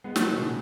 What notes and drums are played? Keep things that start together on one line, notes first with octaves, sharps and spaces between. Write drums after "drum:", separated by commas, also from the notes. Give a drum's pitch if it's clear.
G#3 B3
F#3 A#3, drum: snare
B2 D#3
A#2 C#3